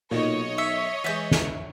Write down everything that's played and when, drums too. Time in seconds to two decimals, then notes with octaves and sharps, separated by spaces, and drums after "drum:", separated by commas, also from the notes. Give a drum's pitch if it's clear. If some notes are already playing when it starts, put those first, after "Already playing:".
0.11 B1 A#2 D#3 C#5 D#5
0.58 E5 C#6
1.04 E3 G#3 E5 G6
1.31 drum: snare